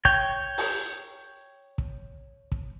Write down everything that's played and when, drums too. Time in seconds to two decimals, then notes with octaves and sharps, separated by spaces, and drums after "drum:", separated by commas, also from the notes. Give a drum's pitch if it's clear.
0.05 C#5 G5, drum: kick
0.58 drum: open hi-hat
1.78 drum: kick
2.52 drum: kick